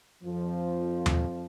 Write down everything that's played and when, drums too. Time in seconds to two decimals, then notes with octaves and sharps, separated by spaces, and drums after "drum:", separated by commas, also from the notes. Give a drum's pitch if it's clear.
0.24 F2 F3
1.06 drum: tom D#2